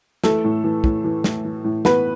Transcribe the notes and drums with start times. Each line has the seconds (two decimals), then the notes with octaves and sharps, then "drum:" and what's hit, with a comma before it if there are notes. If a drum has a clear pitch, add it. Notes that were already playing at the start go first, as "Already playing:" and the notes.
0.24 E3 A3 A4, drum: snare
0.44 A2
0.64 E3
0.84 A2, drum: kick
1.04 E3
1.24 A2, drum: snare
1.45 E3
1.64 A2
1.85 E3 B3 B4, drum: snare